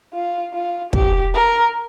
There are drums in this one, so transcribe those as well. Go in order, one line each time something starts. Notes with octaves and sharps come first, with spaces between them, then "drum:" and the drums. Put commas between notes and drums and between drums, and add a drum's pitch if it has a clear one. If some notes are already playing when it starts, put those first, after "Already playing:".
F4
F4
G4, drum: kick
A#4